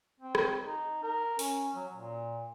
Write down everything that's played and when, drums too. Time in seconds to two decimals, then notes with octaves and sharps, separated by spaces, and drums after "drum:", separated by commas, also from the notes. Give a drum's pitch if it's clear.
0.20 C4
0.35 drum: rim click
0.61 D#4
1.03 A#4
1.39 C#4, drum: open hi-hat
1.76 F#3
1.93 A#2